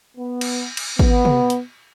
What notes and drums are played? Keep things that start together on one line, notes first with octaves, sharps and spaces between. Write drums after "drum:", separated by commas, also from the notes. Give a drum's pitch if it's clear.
B3
drum: cymbal
drum: cymbal
B3, drum: kick
drum: tom
drum: hi-hat